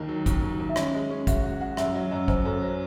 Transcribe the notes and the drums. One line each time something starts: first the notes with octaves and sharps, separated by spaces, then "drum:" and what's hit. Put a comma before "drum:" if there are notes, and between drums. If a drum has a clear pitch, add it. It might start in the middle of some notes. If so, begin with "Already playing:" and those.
Already playing: D#2 D#3 D#4
F#3
D#2, drum: kick, hi-hat
D#2
D#2
E5
C#4 D#5, drum: rim click
G#3
C#4
F#4 E5, drum: kick, hi-hat
F#4
F#4 F#5
F#2 E5, drum: rim click
F#3 D#5
F#2 D#5
F#2 C5, drum: kick
F#2 A4
F#3 C5